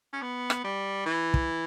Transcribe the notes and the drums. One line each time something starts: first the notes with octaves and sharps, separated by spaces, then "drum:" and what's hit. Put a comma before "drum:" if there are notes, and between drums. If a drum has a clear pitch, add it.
C#4
B3
drum: rim click
G3
E3
drum: kick